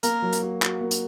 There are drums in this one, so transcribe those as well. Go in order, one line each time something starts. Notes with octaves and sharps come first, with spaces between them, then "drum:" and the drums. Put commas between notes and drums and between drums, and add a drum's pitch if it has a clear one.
A#3 A#4, drum: hi-hat
F#3
drum: hi-hat
F#4
F#4, drum: clap
A#3
drum: hi-hat